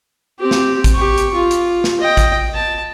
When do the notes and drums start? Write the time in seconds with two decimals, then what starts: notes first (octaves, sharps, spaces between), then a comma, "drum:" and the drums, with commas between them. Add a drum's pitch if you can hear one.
0.39 C4 G4
0.51 drum: snare
0.84 drum: kick, hi-hat
0.95 G4 C#6
1.18 drum: hi-hat
1.34 F4
1.51 drum: hi-hat
1.84 drum: snare
2.00 D#5 G5
2.17 drum: kick, hi-hat
2.54 A5